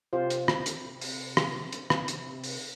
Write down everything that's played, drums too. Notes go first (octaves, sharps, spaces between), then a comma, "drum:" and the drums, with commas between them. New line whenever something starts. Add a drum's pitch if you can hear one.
C3 F4 G4 C5
drum: hi-hat
drum: rim click
drum: hi-hat
drum: open hi-hat
drum: rim click
drum: hi-hat
drum: rim click
drum: hi-hat
drum: open hi-hat